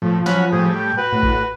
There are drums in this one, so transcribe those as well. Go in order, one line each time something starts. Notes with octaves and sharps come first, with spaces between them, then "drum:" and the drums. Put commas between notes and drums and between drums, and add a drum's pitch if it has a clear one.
A2 F3
F#3 C#4 F#5 B5, drum: snare
A2 G3 G#4
G5
F#4 B4
A2
drum: kick G#1